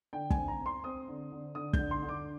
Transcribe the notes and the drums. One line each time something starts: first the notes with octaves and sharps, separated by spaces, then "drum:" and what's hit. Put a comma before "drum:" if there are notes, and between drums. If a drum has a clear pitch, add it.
D3 G5
G#5, drum: kick
C4
A#5
C4
C6
C4 D#6
D3
D3
D3 D#6
G6, drum: kick
D3
C6
D3
D6